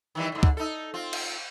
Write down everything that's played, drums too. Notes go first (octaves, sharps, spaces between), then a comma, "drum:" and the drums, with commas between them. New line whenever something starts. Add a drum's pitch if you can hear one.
D#3 E3 G3
G#2 D3
drum: kick
D#4 A4
C4 F4
drum: cymbal